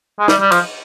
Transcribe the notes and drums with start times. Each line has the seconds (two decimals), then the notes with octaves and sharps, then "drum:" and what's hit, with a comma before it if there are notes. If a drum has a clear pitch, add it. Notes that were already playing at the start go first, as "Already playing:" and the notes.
0.20 G#3
0.28 G3, drum: snare
0.41 G3
0.52 F3, drum: cymbal